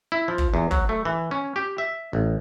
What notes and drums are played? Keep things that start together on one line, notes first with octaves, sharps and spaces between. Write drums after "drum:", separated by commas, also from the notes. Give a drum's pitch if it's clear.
E4
F3
drum: kick
E2
F#3, drum: kick
A3
E3
C#4
G4
E5
A1